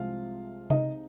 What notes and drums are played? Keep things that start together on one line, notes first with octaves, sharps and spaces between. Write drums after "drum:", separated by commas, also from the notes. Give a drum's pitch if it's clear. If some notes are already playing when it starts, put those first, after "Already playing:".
Already playing: C2 C3 F3 G#3 F4 F5
D#4 D#5, drum: tom C3